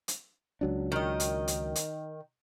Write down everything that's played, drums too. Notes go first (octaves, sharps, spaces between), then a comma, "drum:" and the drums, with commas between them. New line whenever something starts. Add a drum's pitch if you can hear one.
drum: hi-hat
C#2 F#3 D4
D#3 D#5
drum: hi-hat
drum: hi-hat
drum: hi-hat